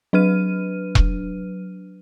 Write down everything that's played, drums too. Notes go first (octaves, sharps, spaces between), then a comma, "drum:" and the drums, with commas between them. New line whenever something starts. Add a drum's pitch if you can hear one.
F#3 D4 B4 F6 D#7
drum: kick E1